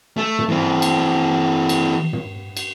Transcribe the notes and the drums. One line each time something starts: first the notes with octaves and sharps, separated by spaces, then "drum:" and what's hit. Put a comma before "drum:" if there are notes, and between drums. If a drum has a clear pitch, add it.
A3
drum: tom
E3 C4
drum: cymbal
drum: cymbal
drum: tom
drum: cymbal